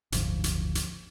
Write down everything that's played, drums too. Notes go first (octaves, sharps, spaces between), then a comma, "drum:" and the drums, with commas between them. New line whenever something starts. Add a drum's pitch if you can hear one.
F#1 D2 G#2 F3, drum: hi-hat
drum: hi-hat
drum: hi-hat